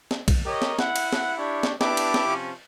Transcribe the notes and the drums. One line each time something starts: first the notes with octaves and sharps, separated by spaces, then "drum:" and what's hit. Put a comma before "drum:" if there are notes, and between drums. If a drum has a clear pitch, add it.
drum: snare
drum: kick B1, cymbal
G4 A#4 C#5 D#5
drum: snare
E4 F#5, drum: snare
drum: cymbal
drum: snare
D4 G4 C#5
drum: snare
B3 D4 E4 G4 D6, drum: snare
drum: cymbal
drum: snare
C3 F3 C#4